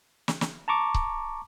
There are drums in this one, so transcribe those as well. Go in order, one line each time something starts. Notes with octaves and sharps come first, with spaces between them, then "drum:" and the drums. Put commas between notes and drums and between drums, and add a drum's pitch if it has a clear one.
drum: snare
drum: snare
A5 A#5 C#6 D6
drum: kick C#1